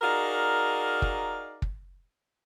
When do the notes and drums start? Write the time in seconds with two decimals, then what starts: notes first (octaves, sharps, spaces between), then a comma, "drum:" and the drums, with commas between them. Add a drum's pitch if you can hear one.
0.02 D#4 F#4 G#4 A#4 D5 F5
1.02 drum: kick
1.62 drum: kick